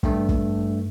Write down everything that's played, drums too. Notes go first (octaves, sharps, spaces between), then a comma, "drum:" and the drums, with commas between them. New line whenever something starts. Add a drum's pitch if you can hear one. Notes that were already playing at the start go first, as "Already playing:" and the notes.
G2 A3, drum: kick
drum: kick